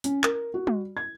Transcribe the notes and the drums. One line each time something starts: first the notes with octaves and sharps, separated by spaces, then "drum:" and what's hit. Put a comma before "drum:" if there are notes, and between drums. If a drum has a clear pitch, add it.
C#4, drum: hi-hat
A#4, drum: clap
F#4
drum: tom G3
G#6